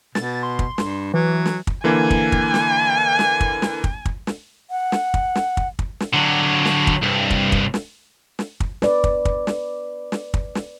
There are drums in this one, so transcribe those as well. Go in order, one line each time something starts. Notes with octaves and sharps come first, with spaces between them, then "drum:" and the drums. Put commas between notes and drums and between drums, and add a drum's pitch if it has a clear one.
B2 A6, drum: snare
C6
drum: kick
G2, drum: snare
E3 F#3
drum: snare
drum: kick
D3 E3 A#3 G#5
drum: kick
drum: kick
drum: snare
drum: snare
drum: kick
drum: snare
drum: kick
drum: kick
drum: snare
F#5
drum: snare
drum: kick
drum: snare
drum: kick
drum: kick
drum: snare
D3 F#3
drum: snare
drum: kick
C2 G2
drum: kick
drum: kick
drum: snare
drum: snare
drum: kick
B4 D5, drum: snare
drum: kick
drum: kick
drum: snare
drum: snare
drum: kick
drum: snare